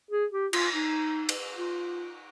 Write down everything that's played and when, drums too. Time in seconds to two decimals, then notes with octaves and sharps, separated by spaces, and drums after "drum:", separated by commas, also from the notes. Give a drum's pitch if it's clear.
0.11 G#4
0.32 G4
0.53 F4, drum: cymbal
0.73 D#4
1.29 drum: cymbal
1.57 F4